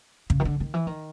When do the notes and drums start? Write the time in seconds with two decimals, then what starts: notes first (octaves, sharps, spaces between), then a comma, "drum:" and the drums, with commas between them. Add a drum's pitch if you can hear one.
0.30 C#3, drum: kick
0.40 D#3
0.45 D3
0.60 D#3
0.74 E3
0.87 D#3